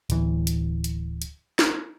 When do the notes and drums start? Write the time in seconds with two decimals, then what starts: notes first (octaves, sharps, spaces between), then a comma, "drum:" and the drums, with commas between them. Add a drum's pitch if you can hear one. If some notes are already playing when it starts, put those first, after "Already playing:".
0.10 D1 E3, drum: hi-hat
0.47 drum: hi-hat
0.84 drum: hi-hat
1.22 drum: hi-hat
1.59 drum: snare